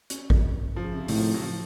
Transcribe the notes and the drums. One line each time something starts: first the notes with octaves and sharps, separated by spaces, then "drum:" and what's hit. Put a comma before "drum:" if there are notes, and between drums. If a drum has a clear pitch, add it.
C#4, drum: hi-hat
drum: kick A1
F3
C#3
C3
C#3
A2 D#3, drum: open hi-hat
F3
F#3
F3